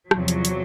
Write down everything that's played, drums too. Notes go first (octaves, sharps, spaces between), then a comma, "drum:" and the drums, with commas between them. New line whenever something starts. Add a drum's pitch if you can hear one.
E2 C3 F3 F#3, drum: rim click
drum: hi-hat
drum: hi-hat